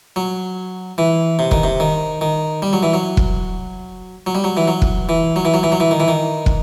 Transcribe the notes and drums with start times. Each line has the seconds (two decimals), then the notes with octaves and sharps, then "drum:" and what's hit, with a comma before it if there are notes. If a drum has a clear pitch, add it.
0.16 F#3
0.98 E3
1.39 C3
1.51 D#3, drum: kick
1.63 C3
1.80 D#3
2.21 D#3
2.62 G3
2.73 F#3
2.83 E3
2.94 F#3
3.17 drum: kick
4.27 F#3
4.35 G3
4.44 F#3
4.57 E3
4.68 F#3
4.82 drum: kick
5.09 E3
5.36 F#3
5.45 E3
5.54 F#3
5.63 E3
5.72 F#3
5.80 E3
5.91 D#3
6.00 E3
6.08 D#3
6.46 drum: kick